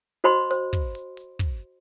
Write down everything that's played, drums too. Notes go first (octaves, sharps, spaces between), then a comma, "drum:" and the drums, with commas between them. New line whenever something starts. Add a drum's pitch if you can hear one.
F#4 C5 D#5 B5 C6
C5, drum: hi-hat
drum: kick
drum: hi-hat
drum: hi-hat
drum: kick, hi-hat